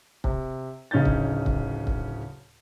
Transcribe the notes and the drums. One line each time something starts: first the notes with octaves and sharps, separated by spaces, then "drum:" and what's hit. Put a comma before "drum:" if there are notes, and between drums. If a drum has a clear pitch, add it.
C3, drum: kick C#1
D1 C#3 C#4 D#4 G6 A6
drum: kick C#1
drum: kick C#1
drum: kick C#1